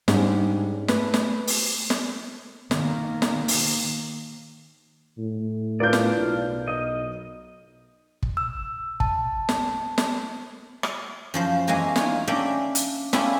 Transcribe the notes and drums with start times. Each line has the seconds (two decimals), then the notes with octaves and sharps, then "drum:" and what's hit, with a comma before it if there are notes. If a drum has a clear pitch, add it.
0.08 G#2 G3 C#4 D4, drum: snare
0.88 A3 B4, drum: snare
1.14 drum: snare
1.47 drum: open hi-hat
1.90 drum: snare
2.71 D#3 A#3, drum: snare
3.22 drum: snare
3.48 drum: open hi-hat
5.18 A2
5.80 D4 F4 A#4 B4 D5 G6
5.93 drum: snare
6.18 B1
6.68 D#5
8.23 drum: kick
8.37 E6
9.00 A5, drum: kick
9.49 drum: snare
9.98 drum: snare
10.83 drum: rim click
11.34 F#2 F3 C5 F5
11.67 E2 G#3 A#3 F#4 G#5 A#5
11.96 D#4 F4 C#5, drum: snare
12.27 A#3 C#4 D4 D5 E5 G5
12.75 drum: hi-hat
13.13 A3 C4 C#4 E4 F4 D5, drum: snare